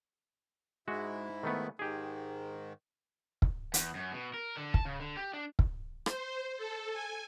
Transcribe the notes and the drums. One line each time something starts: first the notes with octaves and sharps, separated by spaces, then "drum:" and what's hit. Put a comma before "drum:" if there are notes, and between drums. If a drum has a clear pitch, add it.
G#2 G#3 E4 F#4
D#3 A3 B3
G#2 D#3 G4 G#4
drum: kick
E2, drum: hi-hat
F#2
B2
A#4
D3
A5, drum: kick
C#3
D3
G4
D4
drum: kick
C5, drum: rim click
A4
G#5